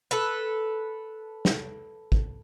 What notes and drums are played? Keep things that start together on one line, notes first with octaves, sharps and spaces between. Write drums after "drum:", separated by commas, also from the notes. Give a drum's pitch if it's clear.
A4 B4
drum: snare
drum: kick